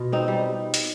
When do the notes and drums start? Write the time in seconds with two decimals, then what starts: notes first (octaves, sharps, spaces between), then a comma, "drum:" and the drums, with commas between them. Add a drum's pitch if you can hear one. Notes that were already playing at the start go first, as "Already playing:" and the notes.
Already playing: B2 F4
0.12 C4 D#4
0.28 G3
0.74 drum: hi-hat